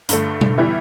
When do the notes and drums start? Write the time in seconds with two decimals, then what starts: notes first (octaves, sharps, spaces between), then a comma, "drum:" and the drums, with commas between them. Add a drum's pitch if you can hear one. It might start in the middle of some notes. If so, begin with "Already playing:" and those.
0.09 G2 D3 A3, drum: hi-hat
0.41 drum: tom B2
0.57 E3 G3 B3 E4